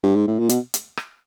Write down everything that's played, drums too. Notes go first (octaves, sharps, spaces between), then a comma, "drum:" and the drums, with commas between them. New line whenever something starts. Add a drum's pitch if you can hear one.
G2
G#2
A2
A#2
B2, drum: hi-hat
drum: hi-hat
drum: rim click